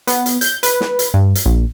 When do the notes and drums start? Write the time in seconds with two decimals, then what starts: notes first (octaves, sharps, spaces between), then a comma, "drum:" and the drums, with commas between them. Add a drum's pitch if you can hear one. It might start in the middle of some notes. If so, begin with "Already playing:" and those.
0.07 B3, drum: hi-hat
0.26 drum: hi-hat
0.41 G6, drum: hi-hat
0.63 B4, drum: hi-hat
0.81 drum: snare
0.99 drum: hi-hat
1.14 G2
1.35 drum: hi-hat
1.46 A#1